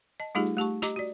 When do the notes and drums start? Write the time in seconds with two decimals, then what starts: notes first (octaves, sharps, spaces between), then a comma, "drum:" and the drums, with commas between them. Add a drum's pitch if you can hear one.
0.20 D#5 A5
0.35 G3 A3 D#4 F4 G4 G#4
0.46 drum: hi-hat
0.57 A3 G4 A5 C#6
0.82 G4 D#5 A#5 D6, drum: snare
0.96 F#4 D5